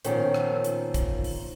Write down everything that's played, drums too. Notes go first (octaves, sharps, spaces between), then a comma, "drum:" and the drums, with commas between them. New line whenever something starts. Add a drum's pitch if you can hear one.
A#2 D#3 F3 B3 C#4, drum: hi-hat
drum: rim click
drum: hi-hat
drum: kick, hi-hat
drum: open hi-hat